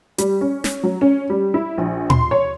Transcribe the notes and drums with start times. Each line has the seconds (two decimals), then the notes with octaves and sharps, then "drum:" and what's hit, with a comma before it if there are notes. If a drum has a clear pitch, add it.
0.18 G3, drum: hi-hat
0.41 C#4
0.64 drum: snare
0.83 F#3
1.01 C#4
1.30 G3
1.54 E4
1.78 A#1
2.10 C6, drum: tom A#2
2.31 C#5